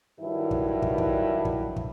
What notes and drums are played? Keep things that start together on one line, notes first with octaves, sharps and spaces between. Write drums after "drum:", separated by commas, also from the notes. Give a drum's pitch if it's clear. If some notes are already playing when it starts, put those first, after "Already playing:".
G2 D#3 F#3 E4
drum: kick
drum: kick
drum: kick
drum: kick
drum: kick